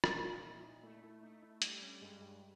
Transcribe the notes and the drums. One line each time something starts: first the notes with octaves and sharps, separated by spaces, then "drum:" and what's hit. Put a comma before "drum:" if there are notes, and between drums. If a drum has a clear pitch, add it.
A#2 C#4, drum: rim click
F4
A#2 E4
D#4
A3 E4
E4
A3 D#4
E4
G3 D4, drum: hi-hat
C#4
G2 G#3
G#3